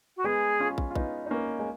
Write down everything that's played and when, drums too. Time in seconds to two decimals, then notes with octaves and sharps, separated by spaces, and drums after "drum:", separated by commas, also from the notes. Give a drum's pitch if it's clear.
0.16 F#4
0.24 G#3 B3 G#4
0.60 C#4 F4
0.78 drum: kick
0.91 F4
0.95 B3 D#4, drum: kick
1.26 D#4
1.31 A#3 C#4
1.59 G#3